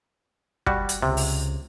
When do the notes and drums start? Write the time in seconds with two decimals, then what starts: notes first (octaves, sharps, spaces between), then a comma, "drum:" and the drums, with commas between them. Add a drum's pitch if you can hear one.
0.66 G3 F#4, drum: kick
0.89 drum: hi-hat
1.02 C#2 C3
1.17 drum: open hi-hat